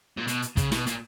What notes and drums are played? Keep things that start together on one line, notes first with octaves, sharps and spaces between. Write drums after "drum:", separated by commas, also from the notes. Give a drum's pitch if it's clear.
A#2
B2, drum: hi-hat
drum: hi-hat
C#3, drum: kick, hi-hat
B2, drum: snare
A#2, drum: hi-hat